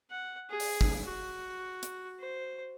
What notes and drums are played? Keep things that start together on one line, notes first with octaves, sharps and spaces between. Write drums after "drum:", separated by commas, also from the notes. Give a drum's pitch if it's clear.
F#5
G#4
drum: open hi-hat
drum: kick
F#4
drum: hi-hat
C5